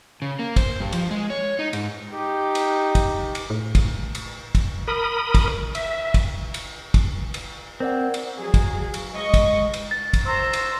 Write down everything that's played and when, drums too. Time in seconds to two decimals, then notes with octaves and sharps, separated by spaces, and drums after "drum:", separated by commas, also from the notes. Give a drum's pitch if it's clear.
0.22 C#3
0.39 A#3
0.56 C5, drum: kick, cymbal
0.80 G2
0.93 F3, drum: cymbal
1.11 G#3
1.30 C#5
1.59 D#4
1.73 G#2, drum: cymbal
2.10 D#4 G4
2.55 drum: cymbal
2.95 drum: kick, cymbal
3.35 drum: cymbal
3.50 A2
3.75 drum: kick, cymbal
4.15 drum: cymbal
4.55 drum: kick, cymbal
4.87 A#4 B5 D#6
5.35 drum: kick, cymbal
5.75 E5, drum: cymbal
6.14 drum: kick, cymbal
6.54 drum: cymbal
6.94 drum: kick, cymbal
7.34 drum: cymbal
7.80 C4 A#4 D5 F#5
8.14 drum: cymbal
8.39 F#3 G#4
8.54 drum: kick, cymbal
8.94 drum: cymbal
9.14 G#3 D#5 C#6
9.34 drum: kick, cymbal
9.74 drum: cymbal
9.91 A6
10.14 drum: kick, cymbal
10.26 C5 A#5 E6
10.53 drum: cymbal